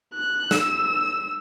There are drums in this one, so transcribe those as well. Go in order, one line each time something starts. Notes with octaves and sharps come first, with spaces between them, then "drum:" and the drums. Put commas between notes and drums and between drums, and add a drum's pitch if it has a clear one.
F#6
E6, drum: snare